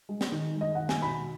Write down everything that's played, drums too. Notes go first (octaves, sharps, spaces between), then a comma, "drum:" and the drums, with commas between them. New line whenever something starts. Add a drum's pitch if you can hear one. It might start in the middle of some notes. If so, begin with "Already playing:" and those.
G#3
drum: snare
D#3
G#3 D#5
D#3 F#5
G#5, drum: snare
B2 B5